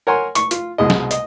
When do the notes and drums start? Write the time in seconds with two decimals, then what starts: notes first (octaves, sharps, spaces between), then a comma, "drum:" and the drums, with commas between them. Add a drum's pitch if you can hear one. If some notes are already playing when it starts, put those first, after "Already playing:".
0.07 A#4 C#5 F#5 G#5 C6
0.35 C#6, drum: hi-hat
0.51 F4, drum: hi-hat
0.78 C2 B2 G#3 D#5
0.90 drum: snare
1.11 D#5, drum: hi-hat